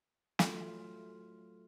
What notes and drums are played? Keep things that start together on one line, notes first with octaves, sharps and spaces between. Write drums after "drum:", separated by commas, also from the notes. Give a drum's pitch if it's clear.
F#3 A3 F4, drum: snare